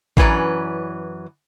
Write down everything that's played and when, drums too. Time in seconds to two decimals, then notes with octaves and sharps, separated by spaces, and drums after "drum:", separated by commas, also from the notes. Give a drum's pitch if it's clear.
0.17 F#2 E3 C#4 B4 D5 A#5, drum: kick A1